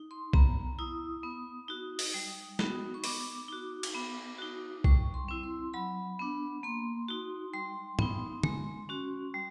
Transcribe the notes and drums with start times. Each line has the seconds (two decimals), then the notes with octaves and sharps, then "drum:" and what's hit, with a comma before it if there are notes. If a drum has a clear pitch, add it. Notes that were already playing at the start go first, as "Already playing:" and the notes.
Already playing: D#4
0.11 C6
0.33 B3 A#5, drum: kick B1
0.79 E4 D#6
1.23 B3
1.68 D#4 F#4
1.99 drum: open hi-hat
2.14 G3
2.59 B3 D#4 F#4, drum: snare
2.94 C#6
3.04 B3 D6, drum: open hi-hat
3.48 D#4 F#4
3.83 drum: cymbal
3.94 B3
4.38 D#4 F#4
4.84 G3 C#6, drum: kick B1
5.14 C6
5.28 C4 E4
5.43 C6
5.74 F#3 B5
6.19 B3 D4
6.63 A#3 C6
7.08 D#4 F#4
7.54 G3 C6
7.99 B3 D#4, drum: tom
8.43 G#3, drum: tom
8.89 C#4 F#4
9.34 G3